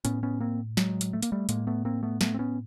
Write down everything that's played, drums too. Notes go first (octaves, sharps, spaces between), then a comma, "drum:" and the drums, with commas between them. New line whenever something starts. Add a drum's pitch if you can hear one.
A2 B3 C#4, drum: hi-hat
B3 C#4
A#3 C4
F#3 G#3, drum: snare
drum: hi-hat
A3
A#3, drum: hi-hat
G3 A3
A2 G#3 A#3, drum: hi-hat
A3 B3
A#3 C4
A3 B3
A3 B3, drum: snare
C4
B3 C#4